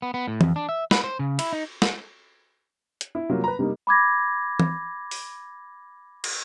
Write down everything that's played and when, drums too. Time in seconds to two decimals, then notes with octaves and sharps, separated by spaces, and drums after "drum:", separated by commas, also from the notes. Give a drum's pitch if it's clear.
0.02 B3
0.14 B3
0.28 A2
0.41 F2, drum: tom E3
0.56 D4
0.69 E5
0.91 B4, drum: snare
1.04 C5
1.19 C#3
1.39 E4, drum: cymbal
1.53 D#4
1.82 drum: snare
3.01 drum: hi-hat
3.15 E4
3.29 C3 F#3 G3 A#3 F4
3.44 B4 A#5
3.59 C3 G3 A#3 D#4
3.87 B5 D6 G#6 A#6
4.60 drum: tom E3
5.11 drum: open hi-hat
6.24 drum: cymbal